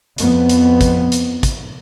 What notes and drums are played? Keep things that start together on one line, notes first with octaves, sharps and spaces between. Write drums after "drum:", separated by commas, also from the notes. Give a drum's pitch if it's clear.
F2 B3, drum: hi-hat
drum: hi-hat
drum: kick, hi-hat
drum: hi-hat
drum: kick, hi-hat